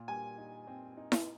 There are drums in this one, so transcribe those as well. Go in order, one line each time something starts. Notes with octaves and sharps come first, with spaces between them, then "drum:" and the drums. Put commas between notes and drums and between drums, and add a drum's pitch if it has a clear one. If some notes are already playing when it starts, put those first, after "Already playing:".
Already playing: A#2
G3 G#5
D#4
C4
D#4
drum: snare E4